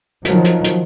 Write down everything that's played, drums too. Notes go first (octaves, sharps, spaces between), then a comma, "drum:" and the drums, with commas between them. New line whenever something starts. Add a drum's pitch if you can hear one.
D#3 F3 F#3, drum: hi-hat
drum: hi-hat
drum: hi-hat